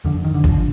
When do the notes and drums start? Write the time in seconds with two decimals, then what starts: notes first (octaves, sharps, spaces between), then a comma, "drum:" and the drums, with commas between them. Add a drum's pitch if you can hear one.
0.05 F2 D3
0.24 D#3
0.34 D3
0.44 F3, drum: kick